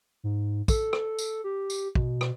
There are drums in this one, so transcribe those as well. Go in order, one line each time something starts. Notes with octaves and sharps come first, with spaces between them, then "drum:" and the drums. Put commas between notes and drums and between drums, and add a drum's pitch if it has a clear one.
G#2
A4, drum: kick, tambourine
drum: rim click
drum: tambourine
G4
drum: tambourine
B2, drum: kick
drum: rim click